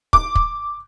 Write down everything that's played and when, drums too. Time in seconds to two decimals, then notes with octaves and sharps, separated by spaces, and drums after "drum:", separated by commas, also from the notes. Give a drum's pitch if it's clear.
0.13 D6, drum: kick
0.35 drum: kick